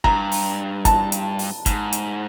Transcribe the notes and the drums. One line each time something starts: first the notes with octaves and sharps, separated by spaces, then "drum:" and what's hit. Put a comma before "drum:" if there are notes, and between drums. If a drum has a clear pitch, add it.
G2 A#5, drum: kick
drum: open hi-hat
A5, drum: kick, hi-hat
drum: hi-hat
drum: open hi-hat
G#2, drum: kick, hi-hat
drum: hi-hat